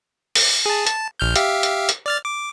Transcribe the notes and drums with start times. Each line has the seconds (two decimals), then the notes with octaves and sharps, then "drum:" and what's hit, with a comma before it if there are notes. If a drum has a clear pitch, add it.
0.35 drum: open hi-hat
0.66 G#4 A5
0.87 A5, drum: hi-hat
1.20 A#1 F6 G6
1.36 G4 E5 F5, drum: hi-hat
1.63 drum: hi-hat
1.89 drum: hi-hat
2.06 D5 F6 A6
2.25 D6